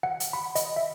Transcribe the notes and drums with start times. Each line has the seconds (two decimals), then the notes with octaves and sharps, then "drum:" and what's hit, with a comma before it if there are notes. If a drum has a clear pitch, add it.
0.03 F#5
0.20 drum: hi-hat
0.33 B5
0.55 D#5, drum: hi-hat
0.76 E5